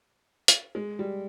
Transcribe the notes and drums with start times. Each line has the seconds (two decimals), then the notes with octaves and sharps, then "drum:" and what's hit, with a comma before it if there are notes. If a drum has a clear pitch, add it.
0.48 drum: hi-hat
0.75 G#3
0.99 G3